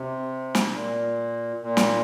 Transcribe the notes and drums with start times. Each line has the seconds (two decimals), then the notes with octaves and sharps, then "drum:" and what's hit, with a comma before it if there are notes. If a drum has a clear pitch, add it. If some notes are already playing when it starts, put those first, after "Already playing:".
Already playing: C3
0.55 drum: snare
0.70 A#2
1.61 A#2
1.77 drum: snare